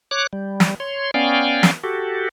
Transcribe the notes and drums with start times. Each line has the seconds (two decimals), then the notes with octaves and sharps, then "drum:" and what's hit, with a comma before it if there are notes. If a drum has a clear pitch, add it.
0.11 C#5 D6 F#6
0.33 G3
0.60 drum: snare
0.80 C#5 C6
1.14 B3 C#4 D5 F5 G5 G#5
1.63 drum: snare
1.83 F#4 G4 A4